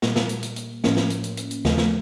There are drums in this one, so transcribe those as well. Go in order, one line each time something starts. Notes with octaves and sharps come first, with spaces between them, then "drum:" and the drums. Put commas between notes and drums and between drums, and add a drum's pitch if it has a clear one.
A#2 G3 A#3, drum: snare
drum: snare
drum: hi-hat
drum: hi-hat
drum: hi-hat
A2 F3 A#3 C#4, drum: snare
drum: snare
drum: hi-hat
drum: hi-hat
drum: hi-hat
drum: hi-hat
D#2 C#3 F3 A3, drum: snare
drum: snare